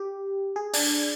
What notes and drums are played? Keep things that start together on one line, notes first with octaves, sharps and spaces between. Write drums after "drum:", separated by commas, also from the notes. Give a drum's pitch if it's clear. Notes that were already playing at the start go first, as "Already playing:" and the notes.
Already playing: G4
G#4
D4, drum: open hi-hat